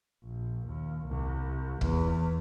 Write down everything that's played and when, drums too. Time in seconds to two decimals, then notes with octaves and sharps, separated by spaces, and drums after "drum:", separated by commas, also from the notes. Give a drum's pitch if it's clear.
0.25 A#1
0.66 D#2
1.07 C2
1.81 E2, drum: kick